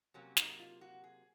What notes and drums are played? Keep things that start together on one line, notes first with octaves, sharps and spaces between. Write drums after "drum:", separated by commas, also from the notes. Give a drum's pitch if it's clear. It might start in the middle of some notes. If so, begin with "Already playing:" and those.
C3 F#3 A#3 C#4
D#4, drum: snare
F4
F#4
G#4